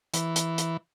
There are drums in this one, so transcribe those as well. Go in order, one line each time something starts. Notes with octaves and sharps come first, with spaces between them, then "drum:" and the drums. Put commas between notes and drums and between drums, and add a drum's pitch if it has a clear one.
E3, drum: hi-hat
drum: hi-hat
drum: hi-hat